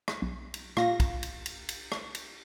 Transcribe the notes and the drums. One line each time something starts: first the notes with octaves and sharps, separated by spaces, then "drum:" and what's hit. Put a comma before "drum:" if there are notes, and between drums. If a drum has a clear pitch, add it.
drum: rim click
B1
drum: cymbal
A#2 F4 F5 A#6, drum: rim click
drum: kick, cymbal
drum: cymbal
drum: cymbal
drum: cymbal
drum: rim click
drum: cymbal